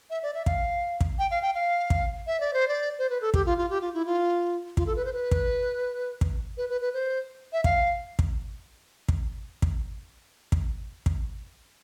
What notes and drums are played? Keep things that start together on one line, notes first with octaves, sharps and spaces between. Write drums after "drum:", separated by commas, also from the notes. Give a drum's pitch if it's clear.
E5
D5
E5
F5, drum: kick
drum: kick
G5
F5
G5
F5
drum: kick
E5
D5
C5
D5
C5
B4
A4
G4, drum: kick
F4
F4
G4
F4
E4
F4
F4, drum: kick
A4
B4
C5
B4
drum: kick
drum: kick
B4
B4
B4
C5
E5
F5, drum: kick
drum: kick
drum: kick
drum: kick
drum: kick
drum: kick